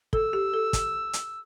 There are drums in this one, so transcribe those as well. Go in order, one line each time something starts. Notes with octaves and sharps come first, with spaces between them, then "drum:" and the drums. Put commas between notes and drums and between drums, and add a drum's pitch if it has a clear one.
A4 E6, drum: kick
G4
A4
drum: kick, hi-hat
drum: hi-hat